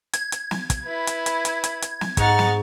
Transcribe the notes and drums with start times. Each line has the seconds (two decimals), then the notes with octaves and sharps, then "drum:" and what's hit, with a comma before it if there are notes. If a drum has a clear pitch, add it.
0.13 G#6, drum: hi-hat
0.32 drum: hi-hat
0.51 drum: snare
0.70 drum: kick, hi-hat
0.84 E4 B4
1.07 drum: hi-hat
1.26 drum: hi-hat
1.45 drum: hi-hat
1.64 drum: hi-hat
1.82 drum: hi-hat
2.01 drum: snare
2.17 G#2 D#4 F#5 C#6 F6 A6, drum: kick, hi-hat
2.39 drum: snare